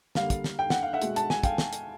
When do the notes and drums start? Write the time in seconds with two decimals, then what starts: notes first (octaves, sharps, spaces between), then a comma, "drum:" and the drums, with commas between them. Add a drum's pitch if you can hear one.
0.15 D3 G3 A#3 F5, drum: snare
0.30 drum: kick, hi-hat
0.44 drum: snare
0.59 G5
0.70 F#5, drum: snare
0.83 F5
0.93 E5 F#5
1.02 B2 G#3, drum: hi-hat
1.16 A5, drum: hi-hat
1.30 G#5, drum: snare
1.43 F5 G5, drum: kick, hi-hat
1.58 drum: snare
1.73 drum: hi-hat